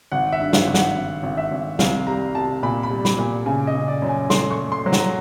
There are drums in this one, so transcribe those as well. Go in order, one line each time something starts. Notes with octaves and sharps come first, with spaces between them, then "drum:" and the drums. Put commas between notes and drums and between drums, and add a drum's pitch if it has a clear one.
G#1 F#5
E5
G2
F5, drum: snare
G#1
F#5, drum: snare
G#1
G#1
E5
G#1
C2 F5, drum: snare
G3 A#5
C2 A5
A#2 B5
B5
G3
B5, drum: snare
A#2
C#3 G#5
D#5
C#3
D5
F#2
G#5
A3 C6, drum: snare
C#6
A3
C6
F#3
A#5, drum: snare